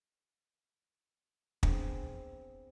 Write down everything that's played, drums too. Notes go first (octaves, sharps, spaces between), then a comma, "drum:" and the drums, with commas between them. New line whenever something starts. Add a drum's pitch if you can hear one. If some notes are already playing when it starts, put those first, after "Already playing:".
B3 C4 D4 G#4, drum: kick